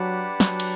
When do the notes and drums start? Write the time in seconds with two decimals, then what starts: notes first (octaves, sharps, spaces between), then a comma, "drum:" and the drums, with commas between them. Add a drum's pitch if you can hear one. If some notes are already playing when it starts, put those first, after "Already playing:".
Already playing: F#3 D4 G4 B4 F#5 A5
0.40 F#3, drum: snare
0.60 drum: cymbal